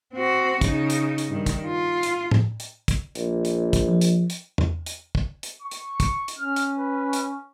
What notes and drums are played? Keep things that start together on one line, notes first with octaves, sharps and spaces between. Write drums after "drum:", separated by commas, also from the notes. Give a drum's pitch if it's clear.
C4 F#4
C#3 D#4, drum: kick, hi-hat
drum: hi-hat
drum: hi-hat
G2 D#3
drum: kick, hi-hat
F4
drum: hi-hat
drum: tom
drum: hi-hat
drum: kick, hi-hat
A#1, drum: hi-hat
drum: hi-hat
drum: kick, hi-hat
F3
drum: hi-hat
drum: hi-hat
drum: tom E2
drum: hi-hat
drum: kick
drum: hi-hat
C#6
drum: hi-hat
drum: kick, hi-hat
drum: hi-hat
C#4 F6
drum: hi-hat
B4
drum: hi-hat